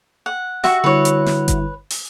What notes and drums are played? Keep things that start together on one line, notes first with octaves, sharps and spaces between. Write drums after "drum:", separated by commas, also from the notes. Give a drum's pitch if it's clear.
F#5
F#4 E5 C#6, drum: snare
D3 G3 E4 B4 C#5
drum: hi-hat
drum: snare
drum: kick G1, hi-hat
drum: open hi-hat